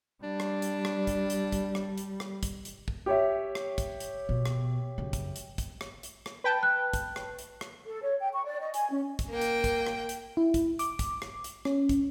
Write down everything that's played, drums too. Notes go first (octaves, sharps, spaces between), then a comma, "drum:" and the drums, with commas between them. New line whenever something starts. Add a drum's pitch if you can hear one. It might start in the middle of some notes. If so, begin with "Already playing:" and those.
G3 D4
drum: rim click
drum: hi-hat
drum: rim click
drum: kick, hi-hat
drum: hi-hat
drum: kick, hi-hat
drum: rim click
drum: hi-hat
drum: rim click
drum: kick, hi-hat
drum: hi-hat
drum: kick
G4 C#5 E5
drum: rim click
drum: kick, hi-hat
drum: hi-hat
B2 B3
drum: rim click
F#2 C#3
drum: kick, hi-hat
drum: hi-hat
drum: kick, hi-hat
drum: rim click
drum: hi-hat
drum: rim click
B4 G5 A5
F#6
drum: kick, hi-hat
drum: rim click
drum: hi-hat
drum: rim click
A4
C#5
G5
C#6
D5
D#5
G#5, drum: hi-hat
C#4
drum: kick, hi-hat
A#3 G5
drum: hi-hat
drum: kick, hi-hat
drum: rim click
drum: hi-hat
E4
drum: kick, hi-hat
D6, drum: hi-hat
drum: kick, hi-hat
drum: rim click
drum: hi-hat
C#4, drum: rim click
drum: kick, hi-hat